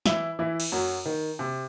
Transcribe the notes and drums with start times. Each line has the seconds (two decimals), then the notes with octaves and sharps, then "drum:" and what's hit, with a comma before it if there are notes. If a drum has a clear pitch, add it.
0.06 E3 E4, drum: snare
0.39 E3 E4
0.60 drum: cymbal
0.72 F#2 F#3
1.05 D#3
1.39 C3